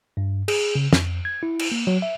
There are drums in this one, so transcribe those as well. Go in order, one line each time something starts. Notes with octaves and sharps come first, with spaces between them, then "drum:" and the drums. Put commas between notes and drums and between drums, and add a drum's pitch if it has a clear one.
G2
G#4, drum: cymbal
C#3
F2, drum: snare
G#6
E4
drum: cymbal
A#3
F#3
E5